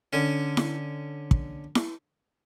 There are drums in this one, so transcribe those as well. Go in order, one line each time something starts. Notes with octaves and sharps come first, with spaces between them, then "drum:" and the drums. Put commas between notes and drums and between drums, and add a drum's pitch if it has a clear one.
D3 C#4
drum: snare E4
drum: kick
drum: snare E4